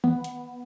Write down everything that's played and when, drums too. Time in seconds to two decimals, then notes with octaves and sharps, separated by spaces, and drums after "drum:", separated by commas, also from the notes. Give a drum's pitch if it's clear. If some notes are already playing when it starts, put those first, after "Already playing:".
0.04 B3, drum: tom D#3
0.24 drum: hi-hat